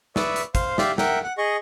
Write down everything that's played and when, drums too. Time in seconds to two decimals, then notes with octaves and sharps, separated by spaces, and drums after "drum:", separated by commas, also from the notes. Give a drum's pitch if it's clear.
0.16 B4 D5 E5 C#6 D#6 E6, drum: snare
0.36 drum: hi-hat
0.55 C5 F5, drum: kick, hi-hat
0.78 G4 D5 E5 F5, drum: snare
0.98 A#4 E5 F#5 G5, drum: snare
1.24 F#5
1.38 G#4 D#5 C#6